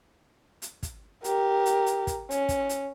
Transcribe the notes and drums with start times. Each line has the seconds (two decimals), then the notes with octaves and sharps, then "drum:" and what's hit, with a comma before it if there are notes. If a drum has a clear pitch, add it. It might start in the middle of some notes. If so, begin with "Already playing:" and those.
0.62 drum: hi-hat
0.83 drum: kick, hi-hat
1.24 G4 A#4, drum: hi-hat
1.66 drum: hi-hat
1.86 drum: hi-hat
2.07 drum: kick, hi-hat
2.31 C#4, drum: hi-hat
2.49 drum: kick, hi-hat
2.69 drum: hi-hat